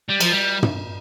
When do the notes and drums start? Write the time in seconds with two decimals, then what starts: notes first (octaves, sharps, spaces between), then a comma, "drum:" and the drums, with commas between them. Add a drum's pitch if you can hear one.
0.10 G3
0.21 F3, drum: cymbal
0.32 G3
0.63 drum: tom